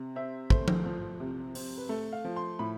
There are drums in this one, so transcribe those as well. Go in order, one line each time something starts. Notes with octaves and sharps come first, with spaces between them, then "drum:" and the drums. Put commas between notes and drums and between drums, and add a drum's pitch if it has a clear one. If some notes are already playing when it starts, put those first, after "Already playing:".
Already playing: C3
C4 E5
A3 C5, drum: kick
drum: tom F3
F3
C3
C4, drum: open hi-hat
B4
A3 A4
F5
F3
C6
A2 B5